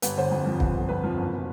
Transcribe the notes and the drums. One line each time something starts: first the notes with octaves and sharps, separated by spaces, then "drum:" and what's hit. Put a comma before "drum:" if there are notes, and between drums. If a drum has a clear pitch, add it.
G1 B4, drum: hi-hat
D3 C5
F2
F3
G1, drum: kick
D3
F2 B4
F3
F#1
B2